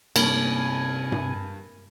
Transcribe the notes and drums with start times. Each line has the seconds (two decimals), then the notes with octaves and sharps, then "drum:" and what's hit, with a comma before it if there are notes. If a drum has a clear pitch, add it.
0.16 G2 C3 A#3 C#4 G#5, drum: cymbal
1.12 drum: tom G2